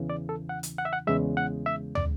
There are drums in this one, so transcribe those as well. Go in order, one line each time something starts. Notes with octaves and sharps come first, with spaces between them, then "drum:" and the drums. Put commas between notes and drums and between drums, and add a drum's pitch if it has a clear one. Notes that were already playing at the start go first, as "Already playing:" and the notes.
Already playing: E2 C#3 E3
D5
A4
F#5
drum: hi-hat
F#5
E5
F#5
E2 C#3 G#3 E5
F#5
E5
D5, drum: tom